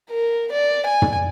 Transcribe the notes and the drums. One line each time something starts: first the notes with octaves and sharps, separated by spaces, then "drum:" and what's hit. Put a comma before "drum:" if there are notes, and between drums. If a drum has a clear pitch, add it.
A#4
D5
G#5
drum: tom